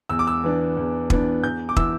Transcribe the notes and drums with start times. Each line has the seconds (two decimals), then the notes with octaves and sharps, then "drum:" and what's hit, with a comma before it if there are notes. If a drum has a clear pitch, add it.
0.09 E2 E6
0.19 D6
0.27 E6
0.44 E3 B3 D4
0.77 E2
1.10 E3 B3 D4, drum: kick
1.43 E2 G6
1.69 D6
1.76 E3 B3 E4 E6, drum: kick